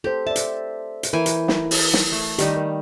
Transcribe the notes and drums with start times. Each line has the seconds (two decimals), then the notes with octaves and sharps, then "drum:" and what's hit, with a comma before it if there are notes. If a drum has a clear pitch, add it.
0.04 G4 A4 C5
0.27 D5 E5 A5
0.36 drum: hi-hat
1.03 drum: hi-hat
1.13 E3 A#4 G5 G#5
1.26 drum: hi-hat
1.48 drum: snare
1.71 drum: open hi-hat
1.93 drum: snare
2.12 A3
2.38 D#3 G3 D#4 G4, drum: hi-hat
2.56 A#4